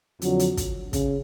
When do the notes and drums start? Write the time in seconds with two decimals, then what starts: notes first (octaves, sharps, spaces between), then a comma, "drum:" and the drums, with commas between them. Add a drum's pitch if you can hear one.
0.22 F2 D3 F#3, drum: hi-hat
0.39 drum: hi-hat
0.57 drum: kick, hi-hat
0.93 C#3, drum: kick, hi-hat